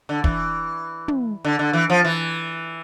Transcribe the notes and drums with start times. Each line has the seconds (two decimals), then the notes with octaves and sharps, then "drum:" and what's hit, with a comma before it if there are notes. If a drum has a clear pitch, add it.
0.09 D3
0.24 E3, drum: kick
1.08 drum: tom
1.45 D3
1.59 D3
1.73 E3
1.90 F3
2.05 E3